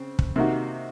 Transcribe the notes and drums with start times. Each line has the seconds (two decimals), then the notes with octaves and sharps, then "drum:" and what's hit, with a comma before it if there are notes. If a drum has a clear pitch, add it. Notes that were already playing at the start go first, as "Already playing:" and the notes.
Already playing: C#3 C4
0.19 drum: kick
0.36 C3 D#3 A#3 D#4 F#4